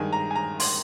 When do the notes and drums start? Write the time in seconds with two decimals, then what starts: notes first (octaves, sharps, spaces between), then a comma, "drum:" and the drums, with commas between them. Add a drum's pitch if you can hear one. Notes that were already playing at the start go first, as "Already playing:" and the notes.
Already playing: G2 D#3 G#3 G#5
0.13 A#5
0.31 G#5
0.36 A#5
0.60 C6, drum: open hi-hat